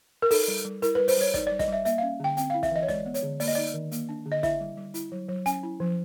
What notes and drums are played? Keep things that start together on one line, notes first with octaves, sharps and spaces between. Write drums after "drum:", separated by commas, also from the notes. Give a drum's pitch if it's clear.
A#4
D#4 A4, drum: open hi-hat
G3
G3
E4 A#4, drum: hi-hat
G3 B4
C5, drum: open hi-hat
G3 C#5
D#4 D5, drum: snare
G3 D5
D#5, drum: snare
G3 E5
A#3 E5, drum: hi-hat
C#4 F5
D3 G5
C4 G5, drum: hi-hat
E4 F5
E5, drum: snare
E3 D#5
C#5
G#3 D5, drum: snare
B3
C#5, drum: hi-hat
D3
A#3 D5, drum: open hi-hat
D#5
D#4 D5
D#3
A#3, drum: hi-hat
D4
D3
D#5
E4 E5, drum: snare
G3
G3
E4, drum: hi-hat
F#3
F#3
C#4 G#5, drum: hi-hat
E4
F3